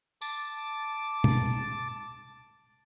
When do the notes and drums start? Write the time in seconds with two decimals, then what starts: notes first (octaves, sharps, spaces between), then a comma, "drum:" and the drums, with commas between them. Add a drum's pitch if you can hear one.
0.22 A5 D6, drum: tambourine
1.24 drum: tom